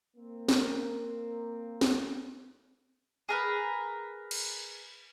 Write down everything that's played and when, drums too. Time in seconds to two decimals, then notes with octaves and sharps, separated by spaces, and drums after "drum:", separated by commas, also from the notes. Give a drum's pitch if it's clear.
0.17 A#3 C4
0.49 drum: snare
1.81 drum: snare
3.29 G#4 A#4 B4
4.31 drum: cymbal